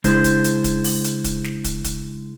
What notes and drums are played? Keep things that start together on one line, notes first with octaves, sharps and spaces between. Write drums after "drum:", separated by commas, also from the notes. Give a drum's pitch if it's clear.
C#3 G#3 D4 E4 C5, drum: kick, hi-hat
drum: kick, hi-hat
drum: hi-hat
drum: kick, hi-hat
drum: open hi-hat
drum: hi-hat
drum: kick, hi-hat
drum: snare
drum: kick, hi-hat
drum: kick, hi-hat